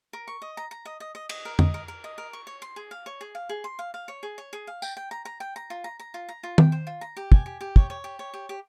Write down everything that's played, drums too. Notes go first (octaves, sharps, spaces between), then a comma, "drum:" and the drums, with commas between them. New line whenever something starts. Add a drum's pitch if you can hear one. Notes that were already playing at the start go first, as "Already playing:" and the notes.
A#4
C#6
D#5
A#5
A#5
D#5
D#5
D#5
D#5, drum: cymbal
A#4
D#5, drum: tom F2
A#4
A#4
D#5
A#4
C#6
C#5
C6
G#4
F5
C#5
G#4
F5
G#4
C6
F5
F5
C#5
G#4
C#5
G#4
F5
G5, drum: tambourine
G5
A#5
A#5
G5
A#5
F4
A#5
A#5
F4
A#5
F4
G5, drum: tom D#3
C5
F4
A#5
G4
G#5, drum: kick
G4
G4
C#5, drum: kick
C#5
G4
C#5
G4
G4